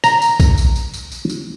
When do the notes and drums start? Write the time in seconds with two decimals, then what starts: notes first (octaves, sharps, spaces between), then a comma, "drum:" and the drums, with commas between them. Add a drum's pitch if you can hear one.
0.04 A#5, drum: tambourine
0.22 drum: tambourine
0.40 drum: kick, tambourine
0.58 drum: tambourine
0.76 drum: tambourine
0.94 drum: tambourine
1.12 drum: tambourine
1.30 drum: tambourine